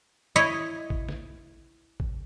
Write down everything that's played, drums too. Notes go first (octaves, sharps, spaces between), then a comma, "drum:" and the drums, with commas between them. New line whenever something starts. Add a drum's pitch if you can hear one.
E4 C#5 D#5
drum: kick A1
drum: snare
drum: kick A1